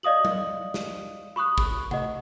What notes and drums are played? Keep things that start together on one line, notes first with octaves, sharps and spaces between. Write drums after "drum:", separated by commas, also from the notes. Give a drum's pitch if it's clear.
D5 D#5 F5 D#6 F#7
drum: tom F#3
drum: snare
B5 C#6 D#6 F#6
drum: kick
D#5 F#5, drum: tom C3